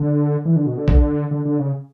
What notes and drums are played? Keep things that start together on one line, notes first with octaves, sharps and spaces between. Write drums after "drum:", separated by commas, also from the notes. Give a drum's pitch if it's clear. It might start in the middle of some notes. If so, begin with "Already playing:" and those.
Already playing: D3
E3
D3
B2
D3
drum: kick A#1
D3
D3
C#3